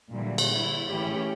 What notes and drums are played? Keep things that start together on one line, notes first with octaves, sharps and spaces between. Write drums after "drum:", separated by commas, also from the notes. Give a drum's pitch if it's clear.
A#2 D3 E3 F#3 G3
drum: cymbal
G3 E4
A2 E3 A3 C#4 E4 G4